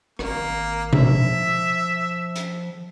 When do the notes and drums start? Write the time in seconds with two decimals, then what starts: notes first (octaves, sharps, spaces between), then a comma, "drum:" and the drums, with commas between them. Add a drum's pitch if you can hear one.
0.19 G#1 A#3, drum: rim click
0.93 F3 E5, drum: tom B2
2.36 drum: hi-hat